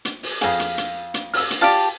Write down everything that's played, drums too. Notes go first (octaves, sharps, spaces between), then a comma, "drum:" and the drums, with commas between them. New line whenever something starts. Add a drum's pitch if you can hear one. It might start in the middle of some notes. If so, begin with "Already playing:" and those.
drum: hi-hat
drum: open hi-hat
F2 G#4 F5, drum: hi-hat
drum: hi-hat
drum: hi-hat
drum: hi-hat
E6 F6, drum: open hi-hat
drum: hi-hat
F4 G4 D5 A5 F6